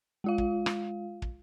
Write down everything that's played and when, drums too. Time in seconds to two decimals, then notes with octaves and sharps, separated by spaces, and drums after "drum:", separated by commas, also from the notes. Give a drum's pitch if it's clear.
0.24 G#3 F4 F5
0.38 drum: kick
0.66 drum: rim click
1.22 drum: kick